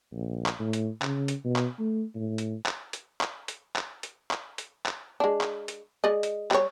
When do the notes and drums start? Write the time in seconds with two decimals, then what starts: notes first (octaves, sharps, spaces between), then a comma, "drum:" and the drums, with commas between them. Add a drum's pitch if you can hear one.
0.13 A#1
0.46 drum: clap
0.60 A2
0.73 drum: hi-hat
1.02 C#3, drum: clap
1.28 drum: hi-hat
1.45 B2
1.56 drum: clap
1.79 A3
2.15 A2
2.38 drum: hi-hat
2.66 drum: clap
2.93 drum: hi-hat
3.21 drum: clap
3.48 drum: hi-hat
3.76 drum: clap
4.03 drum: hi-hat
4.31 drum: clap
4.58 drum: hi-hat
4.86 drum: clap
5.20 G#3 D4
5.41 drum: clap
5.68 drum: hi-hat
6.04 G#3 D5 D#5
6.23 drum: hi-hat
6.51 G3 C#5, drum: clap